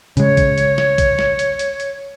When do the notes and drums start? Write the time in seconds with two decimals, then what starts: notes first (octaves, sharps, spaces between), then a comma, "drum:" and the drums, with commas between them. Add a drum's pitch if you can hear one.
0.17 C#3 G#3 C#5, drum: hi-hat
0.37 drum: kick A#1, hi-hat
0.58 drum: hi-hat
0.78 drum: snare
0.98 drum: kick A#1, hi-hat
1.19 drum: snare
1.39 drum: hi-hat
1.59 drum: hi-hat
1.80 drum: hi-hat